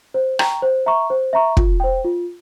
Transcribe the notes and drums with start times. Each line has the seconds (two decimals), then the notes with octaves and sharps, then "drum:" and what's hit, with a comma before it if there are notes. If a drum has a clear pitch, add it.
0.14 C5
0.39 G5 A#5 C#6, drum: rim click
0.62 C5
0.86 E5 A#5 C#6
1.10 C5
1.33 E5 A#5 C#6
1.57 F4, drum: kick
1.80 C5 G5
2.04 F4